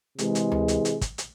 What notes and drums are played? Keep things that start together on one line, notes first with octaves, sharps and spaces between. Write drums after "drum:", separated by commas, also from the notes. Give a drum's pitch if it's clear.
C3 E3 G#3, drum: hi-hat
drum: hi-hat
drum: tom D2
drum: hi-hat
drum: hi-hat
drum: kick, hi-hat
drum: hi-hat